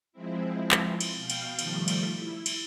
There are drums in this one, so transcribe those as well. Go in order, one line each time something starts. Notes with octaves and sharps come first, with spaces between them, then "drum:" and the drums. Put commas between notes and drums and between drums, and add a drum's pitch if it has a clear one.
F3 G#3 C4 E4
drum: clap
drum: cymbal
B2 F5 G5
drum: cymbal
D#3 F3 G3 A3, drum: cymbal
drum: cymbal
E4
drum: cymbal